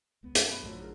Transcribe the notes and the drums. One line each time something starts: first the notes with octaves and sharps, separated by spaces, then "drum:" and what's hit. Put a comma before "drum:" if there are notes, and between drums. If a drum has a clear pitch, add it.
E1 C#2 B3
F#2 D#5 E5 G#5 D#7, drum: hi-hat
B2 A4 B5 F#6
A1 D3 F3 F#3
D#4 G#4 A#4